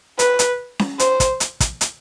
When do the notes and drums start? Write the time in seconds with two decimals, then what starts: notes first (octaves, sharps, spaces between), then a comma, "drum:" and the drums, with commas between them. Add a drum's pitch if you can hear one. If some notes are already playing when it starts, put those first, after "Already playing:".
0.19 B4, drum: hi-hat
0.39 drum: hi-hat
0.79 drum: snare C#4
0.99 C5, drum: hi-hat
1.20 drum: kick, hi-hat
1.40 drum: hi-hat
1.60 drum: kick, hi-hat
1.81 drum: hi-hat